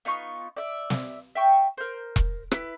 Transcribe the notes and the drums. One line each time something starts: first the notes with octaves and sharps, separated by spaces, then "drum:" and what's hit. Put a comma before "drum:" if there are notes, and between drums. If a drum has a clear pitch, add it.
B3 D#4 F4 C#6
D5 E5
drum: snare
E5 G5 C#6
A#4 C5
drum: kick E1
E4 B4, drum: rim click